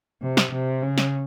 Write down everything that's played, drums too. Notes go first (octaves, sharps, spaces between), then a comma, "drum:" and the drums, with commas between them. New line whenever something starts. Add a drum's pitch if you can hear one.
C3
drum: snare
C3
C#3
drum: snare